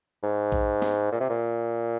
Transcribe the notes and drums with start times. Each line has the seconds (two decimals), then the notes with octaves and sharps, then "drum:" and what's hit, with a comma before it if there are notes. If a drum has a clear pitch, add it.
0.23 G#2
0.52 drum: kick A#1
0.82 drum: snare
1.12 A#2
1.20 C3
1.29 A#2